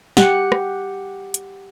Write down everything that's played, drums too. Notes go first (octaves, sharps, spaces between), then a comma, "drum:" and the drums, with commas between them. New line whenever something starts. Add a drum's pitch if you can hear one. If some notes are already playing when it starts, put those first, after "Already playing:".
G4 F#5, drum: snare
drum: rim click
drum: hi-hat